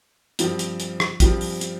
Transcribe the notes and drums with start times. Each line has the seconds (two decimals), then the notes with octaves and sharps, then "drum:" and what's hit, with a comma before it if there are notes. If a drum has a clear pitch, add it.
0.39 G2 F3 C4 G4, drum: hi-hat
0.59 drum: hi-hat
0.80 drum: hi-hat
1.00 drum: rim click
1.20 G2 F3 C4 G4, drum: kick, hi-hat
1.41 drum: open hi-hat
1.61 drum: hi-hat